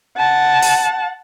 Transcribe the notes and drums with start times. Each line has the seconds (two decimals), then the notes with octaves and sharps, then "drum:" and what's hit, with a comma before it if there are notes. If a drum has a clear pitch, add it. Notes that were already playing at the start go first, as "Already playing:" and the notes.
0.17 F#5 A5
0.62 drum: open hi-hat